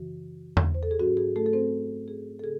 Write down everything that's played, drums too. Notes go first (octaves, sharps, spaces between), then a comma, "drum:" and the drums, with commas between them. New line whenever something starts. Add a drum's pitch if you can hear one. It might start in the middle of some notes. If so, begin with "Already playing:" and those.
Already playing: F#2 C#3 E3 F#4
drum: tom E2
C5
A4
G#4
G#2 F#3 C#4 F#4
G#4
A3 A4
A4
C4 C5
G#4
A4
C#3 G#4